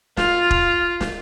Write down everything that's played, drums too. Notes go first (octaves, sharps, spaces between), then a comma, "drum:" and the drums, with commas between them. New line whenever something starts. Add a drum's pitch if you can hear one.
F4, drum: snare
drum: kick E1
drum: snare